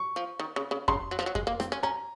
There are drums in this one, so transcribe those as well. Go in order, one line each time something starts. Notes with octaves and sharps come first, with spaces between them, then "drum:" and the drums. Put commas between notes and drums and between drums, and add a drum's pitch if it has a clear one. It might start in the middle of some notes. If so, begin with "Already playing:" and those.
Already playing: C#6
F3
D#3
C#3
C#3
C#3 C6, drum: kick F2
F#3
F3
F#3
G#3, drum: kick F2
A#3
C4, drum: rim click
C#4
C#4 A#5